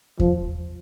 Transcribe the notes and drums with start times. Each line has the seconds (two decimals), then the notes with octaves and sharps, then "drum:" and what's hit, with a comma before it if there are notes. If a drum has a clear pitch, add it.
0.20 F3, drum: kick E2